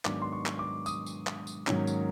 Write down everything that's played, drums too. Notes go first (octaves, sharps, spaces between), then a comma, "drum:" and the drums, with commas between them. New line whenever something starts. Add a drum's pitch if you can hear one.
G#2 D#3 F#3 B3 D4 D6, drum: clap
C6
C#6
drum: clap
D6
D#6, drum: tambourine
drum: tambourine
drum: clap
drum: tambourine
G#2 D#3 F#3 A#3 C#4, drum: clap
drum: tambourine